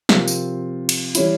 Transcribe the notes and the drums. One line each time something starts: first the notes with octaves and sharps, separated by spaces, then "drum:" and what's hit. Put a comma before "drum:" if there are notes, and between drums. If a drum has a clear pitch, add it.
C3 F3 C4 F4 A#4, drum: snare
drum: tambourine
drum: cymbal
E3 G3 C#4 E4, drum: hi-hat